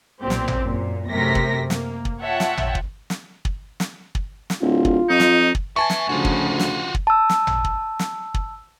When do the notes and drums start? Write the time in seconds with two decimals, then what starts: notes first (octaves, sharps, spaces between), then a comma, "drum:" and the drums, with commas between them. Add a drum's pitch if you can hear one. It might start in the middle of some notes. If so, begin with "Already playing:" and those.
0.20 B1 A#2 C4 G4
0.30 drum: snare
0.48 drum: tom
0.60 F#2 A#2
1.08 F#2 C3 A3 A#4 A#6 B6
1.35 drum: kick
1.70 A#3, drum: snare
2.05 drum: kick
2.20 F4 C#5 E5 F#5 G5 A5
2.40 drum: snare
2.57 drum: tom
2.75 drum: kick
3.10 drum: snare
3.45 drum: kick
3.80 drum: snare
4.15 drum: kick
4.50 drum: snare
4.62 D1 F4
4.85 drum: kick
5.10 F2 D#4
5.20 drum: snare
5.55 drum: kick
5.76 B4 E5 G#5 A5 C#6
5.90 drum: snare
6.09 D2 C#3 F3 F4 F#4
6.25 drum: kick
6.60 drum: snare
6.95 drum: kick
7.07 A5 E6
7.30 drum: snare
7.47 drum: tom
7.64 drum: kick
7.99 drum: snare
8.34 drum: kick